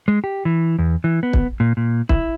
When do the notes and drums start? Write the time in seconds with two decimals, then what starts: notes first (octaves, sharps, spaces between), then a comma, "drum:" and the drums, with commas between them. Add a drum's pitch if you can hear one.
0.08 G#3
0.24 G4
0.45 E3
0.79 E2
1.04 E3
1.23 B3
1.33 drum: kick
1.60 A#2
1.77 A#2
2.09 E4, drum: kick